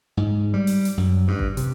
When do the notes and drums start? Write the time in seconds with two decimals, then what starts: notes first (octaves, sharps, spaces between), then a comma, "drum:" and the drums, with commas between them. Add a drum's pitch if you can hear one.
0.17 G#2
0.54 G3
0.67 drum: open hi-hat
0.85 drum: hi-hat
0.97 F#2
1.28 G2
1.39 drum: kick G#1
1.57 C3, drum: hi-hat